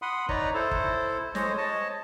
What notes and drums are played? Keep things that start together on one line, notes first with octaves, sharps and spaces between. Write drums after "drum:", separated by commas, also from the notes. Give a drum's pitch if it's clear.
F#5 B5 C6 D#6
D#4 B4 C#5 D5 A#5, drum: kick
E4 A4 C5
drum: kick
G#3 C5 C#5 D#5, drum: snare
C#5 D#5 A5